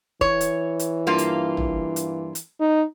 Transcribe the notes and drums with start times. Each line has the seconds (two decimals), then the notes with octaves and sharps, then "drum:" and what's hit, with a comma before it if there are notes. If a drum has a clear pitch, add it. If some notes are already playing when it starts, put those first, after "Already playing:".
0.21 E3 C#5, drum: kick
0.41 drum: hi-hat
0.79 drum: hi-hat
1.07 G2 A#3 F4
1.18 drum: hi-hat
1.57 drum: tom
1.96 drum: hi-hat
2.35 drum: hi-hat
2.60 D#4